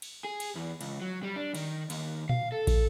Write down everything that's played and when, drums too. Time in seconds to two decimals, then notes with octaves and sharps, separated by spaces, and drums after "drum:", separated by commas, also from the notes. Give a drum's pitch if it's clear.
0.02 drum: cymbal
0.24 G#4
0.40 drum: cymbal
0.55 E2
0.81 C#2, drum: cymbal
1.01 F#3
1.23 G3
1.36 D4
1.55 D#3, drum: cymbal
1.90 D#2, drum: cymbal
2.29 F5, drum: tom A#2
2.52 A4
2.67 drum: kick, cymbal